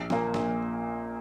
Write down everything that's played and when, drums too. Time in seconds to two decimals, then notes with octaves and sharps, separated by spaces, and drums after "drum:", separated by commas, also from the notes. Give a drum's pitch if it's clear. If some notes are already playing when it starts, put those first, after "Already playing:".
Already playing: A#1
0.10 A#2 A#3, drum: snare
0.34 A#1, drum: snare